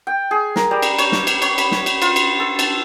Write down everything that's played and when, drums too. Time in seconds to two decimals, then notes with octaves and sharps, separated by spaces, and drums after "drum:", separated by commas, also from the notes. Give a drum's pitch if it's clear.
0.07 G5
0.31 G#4
0.56 A#4, drum: snare
0.71 G3
0.82 drum: cymbal
0.99 C#5, drum: cymbal
1.12 drum: snare
1.27 drum: cymbal
1.42 C#5, drum: cymbal
1.58 B5, drum: cymbal
1.71 drum: snare
1.86 drum: cymbal
2.02 F4, drum: cymbal
2.16 drum: cymbal
2.40 A4
2.59 A5, drum: cymbal